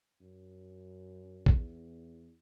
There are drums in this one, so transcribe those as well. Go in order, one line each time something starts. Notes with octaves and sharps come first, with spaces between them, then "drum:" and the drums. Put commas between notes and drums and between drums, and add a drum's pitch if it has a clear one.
F#2
E2, drum: kick A1